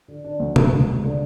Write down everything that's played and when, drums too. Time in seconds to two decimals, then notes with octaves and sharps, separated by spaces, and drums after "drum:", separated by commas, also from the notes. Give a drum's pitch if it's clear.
0.08 D3
0.24 D4
0.40 D2
0.56 A#3, drum: tom
0.71 C#2
0.88 C#2
1.04 D3